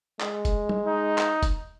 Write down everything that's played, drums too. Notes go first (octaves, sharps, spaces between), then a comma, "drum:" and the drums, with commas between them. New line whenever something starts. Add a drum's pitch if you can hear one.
G#3, drum: clap
drum: kick F1, hi-hat
drum: tom
D#4
drum: clap
drum: kick F1, hi-hat